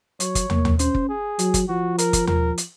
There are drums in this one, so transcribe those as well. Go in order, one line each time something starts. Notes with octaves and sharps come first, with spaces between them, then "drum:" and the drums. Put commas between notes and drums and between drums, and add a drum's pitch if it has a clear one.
F#3 C#5, drum: hi-hat
drum: kick, hi-hat
A#3, drum: tom
drum: tom
C#4 C5, drum: hi-hat
drum: kick
G#4
F#3, drum: hi-hat
drum: kick, hi-hat
F3 F#4
A#4, drum: hi-hat
drum: kick, hi-hat
A#4, drum: tom
drum: hi-hat